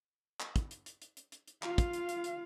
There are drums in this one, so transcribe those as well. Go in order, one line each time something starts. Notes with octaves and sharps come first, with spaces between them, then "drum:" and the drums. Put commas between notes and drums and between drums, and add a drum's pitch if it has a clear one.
drum: clap
drum: kick, hi-hat
drum: hi-hat
drum: hi-hat
drum: hi-hat
drum: hi-hat
drum: hi-hat
drum: hi-hat
F4 F5, drum: clap
drum: kick, hi-hat
drum: hi-hat
drum: hi-hat
drum: hi-hat